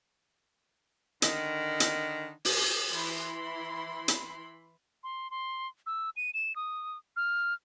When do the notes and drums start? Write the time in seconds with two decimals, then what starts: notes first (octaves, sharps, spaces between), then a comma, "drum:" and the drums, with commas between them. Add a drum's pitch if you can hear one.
1.22 D3 D#3, drum: hi-hat
1.80 drum: hi-hat
2.45 drum: open hi-hat
2.92 E3 E4 B5 C6
4.08 drum: hi-hat
5.03 C6
5.31 C6
5.86 E6
6.16 D#7
6.34 E7
6.56 D#6
7.16 F6